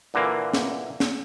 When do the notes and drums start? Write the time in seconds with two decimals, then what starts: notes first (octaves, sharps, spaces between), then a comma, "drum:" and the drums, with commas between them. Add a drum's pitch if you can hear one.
0.14 A#2 D3 E3 A#3
0.54 drum: snare
1.00 drum: snare